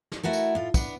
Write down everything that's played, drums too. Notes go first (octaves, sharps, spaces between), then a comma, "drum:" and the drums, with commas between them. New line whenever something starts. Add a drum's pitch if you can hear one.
drum: snare
A3 E4 F#4 A#4
drum: tambourine
A2 F4
B3 D4, drum: kick, tambourine